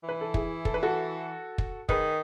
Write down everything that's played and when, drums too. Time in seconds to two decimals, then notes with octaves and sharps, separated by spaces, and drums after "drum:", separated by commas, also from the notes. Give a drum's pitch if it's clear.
0.03 E3
0.09 B4
0.21 A4
0.34 E4 G#4, drum: kick
0.65 A4, drum: kick
0.74 B4
0.83 F#4 A4
1.58 drum: kick
1.89 D#3 G#4 B4, drum: kick